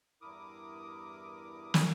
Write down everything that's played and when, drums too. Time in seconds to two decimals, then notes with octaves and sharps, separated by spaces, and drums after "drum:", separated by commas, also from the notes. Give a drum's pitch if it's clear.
0.21 E2 G2 E4 A#4 D6 D#6
1.74 drum: snare